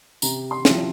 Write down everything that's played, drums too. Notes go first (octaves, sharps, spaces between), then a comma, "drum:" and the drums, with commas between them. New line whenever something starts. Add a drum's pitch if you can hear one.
C3 A#5, drum: tambourine
C6
F3 C4 E4, drum: snare